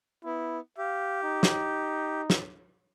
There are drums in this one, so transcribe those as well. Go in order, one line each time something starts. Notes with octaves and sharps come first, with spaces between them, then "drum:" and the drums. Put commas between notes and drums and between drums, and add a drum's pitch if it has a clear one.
B3 E4
G4 F5
D#4
drum: snare
drum: snare